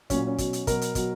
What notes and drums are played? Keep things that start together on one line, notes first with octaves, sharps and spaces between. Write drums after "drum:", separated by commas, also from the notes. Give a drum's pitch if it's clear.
A#2 F#3 C#4, drum: kick, hi-hat
C#4
B2 F#3, drum: kick, hi-hat
drum: hi-hat
B2 F#3 A#4, drum: kick, hi-hat
drum: hi-hat
B2 F#3, drum: kick, hi-hat